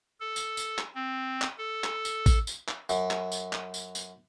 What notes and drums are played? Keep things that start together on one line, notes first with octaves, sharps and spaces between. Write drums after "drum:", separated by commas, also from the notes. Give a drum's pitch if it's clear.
A4
drum: tambourine
drum: tambourine
drum: clap
C4
drum: clap
A4
drum: clap
drum: tambourine
drum: kick A1, tambourine
drum: tambourine
drum: clap
F#2, drum: tambourine
drum: clap
drum: tambourine
drum: clap
drum: tambourine
drum: tambourine